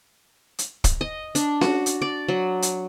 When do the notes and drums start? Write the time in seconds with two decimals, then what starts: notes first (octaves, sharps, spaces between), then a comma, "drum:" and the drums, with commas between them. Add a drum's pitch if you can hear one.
0.59 drum: hi-hat
0.84 drum: kick, hi-hat
1.01 D#5
1.35 D4, drum: hi-hat
1.61 F#4, drum: snare C#4
1.86 drum: hi-hat
2.02 D5
2.29 F#3
2.62 drum: hi-hat